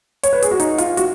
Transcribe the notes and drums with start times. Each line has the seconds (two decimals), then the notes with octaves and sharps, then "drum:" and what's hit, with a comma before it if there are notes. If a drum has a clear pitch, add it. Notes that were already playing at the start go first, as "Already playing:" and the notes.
0.23 C#5, drum: hi-hat
0.33 B4
0.42 G#4, drum: hi-hat
0.51 F#4
0.60 D#4, drum: hi-hat
0.78 F4, drum: hi-hat
0.97 F#4, drum: hi-hat